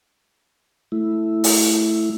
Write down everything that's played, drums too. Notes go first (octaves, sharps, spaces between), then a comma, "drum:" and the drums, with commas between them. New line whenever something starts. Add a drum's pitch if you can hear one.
A3 E4
drum: open hi-hat